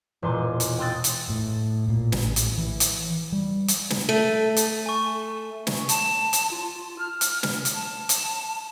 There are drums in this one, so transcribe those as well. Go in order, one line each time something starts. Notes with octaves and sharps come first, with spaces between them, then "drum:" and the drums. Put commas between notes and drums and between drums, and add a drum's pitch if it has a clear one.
E1 A#2 G#5 C6 D6
drum: hi-hat
G5 C6 D#6 E6 F#6 A6
drum: hi-hat
A2
A#2
A1, drum: snare
drum: hi-hat
E3
drum: hi-hat
G3
drum: hi-hat
drum: snare
A3 A4 D#7
drum: hi-hat
G#5 C#6
drum: snare
A5, drum: hi-hat
drum: hi-hat
F4
F6
drum: hi-hat
drum: snare
drum: hi-hat
A5
drum: hi-hat